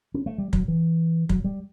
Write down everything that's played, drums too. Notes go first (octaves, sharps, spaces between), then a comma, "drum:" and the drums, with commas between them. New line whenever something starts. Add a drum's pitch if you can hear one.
C#4
A3
G3
F#3, drum: kick
E3
F#3, drum: kick
G3